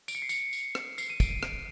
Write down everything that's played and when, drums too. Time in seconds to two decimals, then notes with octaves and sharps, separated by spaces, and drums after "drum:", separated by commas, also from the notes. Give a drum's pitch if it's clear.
0.08 D7, drum: tambourine
0.15 C#7
0.22 C7
0.29 C#7, drum: tambourine
0.53 drum: tambourine
0.75 drum: rim click
0.98 C7, drum: tambourine
1.10 D#7
1.20 D7, drum: kick, tambourine
1.31 D#7
1.43 D7, drum: rim click